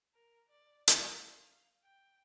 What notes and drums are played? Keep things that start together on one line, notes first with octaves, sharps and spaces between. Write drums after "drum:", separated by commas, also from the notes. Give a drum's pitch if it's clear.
A#4
D5
F#5, drum: hi-hat
F5
G5